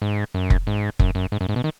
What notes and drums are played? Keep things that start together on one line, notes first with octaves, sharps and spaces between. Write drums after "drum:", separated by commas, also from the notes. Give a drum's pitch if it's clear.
G#2
F#2
drum: kick F1
G#2
F#2, drum: kick F1
F#2
G#2
F#2
G#2
B2
D#3